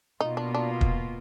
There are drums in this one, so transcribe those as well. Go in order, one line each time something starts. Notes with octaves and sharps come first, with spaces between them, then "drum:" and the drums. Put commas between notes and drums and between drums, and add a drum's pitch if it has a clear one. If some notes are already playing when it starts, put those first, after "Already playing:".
B2 A#3 D#4 F4
D4
D4
drum: kick